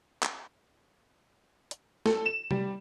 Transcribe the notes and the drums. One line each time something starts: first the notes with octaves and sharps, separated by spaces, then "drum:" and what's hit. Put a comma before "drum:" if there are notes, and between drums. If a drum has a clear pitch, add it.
drum: clap
drum: hi-hat
A4, drum: snare
E7
G3, drum: tom C3